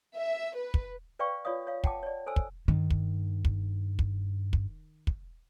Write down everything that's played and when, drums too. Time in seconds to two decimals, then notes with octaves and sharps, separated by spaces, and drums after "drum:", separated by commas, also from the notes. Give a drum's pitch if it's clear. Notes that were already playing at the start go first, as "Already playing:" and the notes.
0.15 E5
0.56 B4
0.74 drum: kick
1.19 B4 D5 F5 G5 C#6
1.45 F4 C#5 D5 F5 D#6
1.67 C#5 F5
1.84 F#5 G5 A5 D6, drum: kick
2.03 C#5 D5
2.26 A4 C5 G#5 E6
2.36 drum: kick
2.68 G2 D#3
2.90 drum: kick
3.45 drum: kick
3.99 drum: kick
4.53 drum: kick
5.07 drum: kick